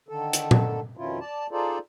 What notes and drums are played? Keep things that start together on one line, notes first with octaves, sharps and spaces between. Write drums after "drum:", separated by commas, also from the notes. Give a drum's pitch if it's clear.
D3 D#3 A4
drum: hi-hat
drum: tom A#2
F2 B2 D#3 C#4 E4 F4
D5 A5
D#4 F4 G#4 A4 C5 D5